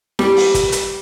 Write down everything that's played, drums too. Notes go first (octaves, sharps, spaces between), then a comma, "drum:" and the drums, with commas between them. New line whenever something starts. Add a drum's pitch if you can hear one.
G3, drum: snare E4
drum: open hi-hat
drum: kick, hi-hat
drum: hi-hat